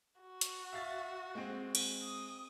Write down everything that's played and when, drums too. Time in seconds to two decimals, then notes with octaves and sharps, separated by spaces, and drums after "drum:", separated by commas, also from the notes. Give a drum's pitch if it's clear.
0.20 F#4
0.41 drum: hi-hat
0.72 E5 F5 A6
1.35 G#3 C4
1.75 drum: cymbal
2.03 D#6